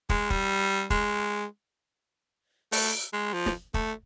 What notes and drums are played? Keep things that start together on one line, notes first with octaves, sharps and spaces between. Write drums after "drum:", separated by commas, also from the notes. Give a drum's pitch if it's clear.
G#3, drum: kick
G3, drum: kick
G#3, drum: kick
A3, drum: open hi-hat
G#3
F3
drum: snare
A3, drum: kick